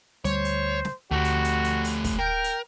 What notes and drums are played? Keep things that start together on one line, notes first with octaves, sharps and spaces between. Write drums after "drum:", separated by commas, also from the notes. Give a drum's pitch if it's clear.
D2 G3 C5 C#5, drum: hi-hat
drum: hi-hat
drum: snare
D2 A3 F#4 G4
drum: hi-hat
drum: hi-hat
drum: hi-hat
drum: open hi-hat
drum: kick, open hi-hat
A#4 G5
drum: hi-hat